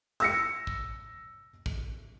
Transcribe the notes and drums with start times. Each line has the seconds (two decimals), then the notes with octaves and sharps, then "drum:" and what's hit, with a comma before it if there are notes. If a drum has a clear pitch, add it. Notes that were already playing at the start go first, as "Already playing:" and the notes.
0.20 E6 A#6 C#7, drum: hi-hat
0.67 drum: kick
1.66 drum: kick